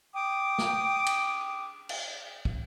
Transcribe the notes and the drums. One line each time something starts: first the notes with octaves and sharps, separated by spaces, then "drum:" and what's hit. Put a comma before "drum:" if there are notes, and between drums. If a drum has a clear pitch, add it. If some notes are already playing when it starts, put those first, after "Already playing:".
G5 D6 D#6
drum: snare
drum: cymbal
drum: cymbal
drum: kick